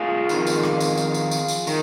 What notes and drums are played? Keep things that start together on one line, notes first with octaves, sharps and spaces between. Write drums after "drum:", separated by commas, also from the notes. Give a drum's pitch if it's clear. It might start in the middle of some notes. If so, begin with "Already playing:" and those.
Already playing: F4 G#4
F2 D#3, drum: tambourine
drum: tambourine
drum: rim click
drum: tambourine
drum: tambourine
drum: tambourine
drum: tambourine
drum: tambourine
D#3, drum: tambourine